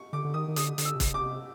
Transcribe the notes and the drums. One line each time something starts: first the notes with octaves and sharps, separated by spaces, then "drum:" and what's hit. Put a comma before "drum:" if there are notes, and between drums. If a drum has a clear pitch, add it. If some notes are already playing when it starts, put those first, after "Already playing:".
Already playing: C#6
D3 D6
D3
D#3 D#6
D#3
D3 D#6, drum: hi-hat
D3, drum: hi-hat
E6
C3
C#3, drum: kick, hi-hat
D6
C3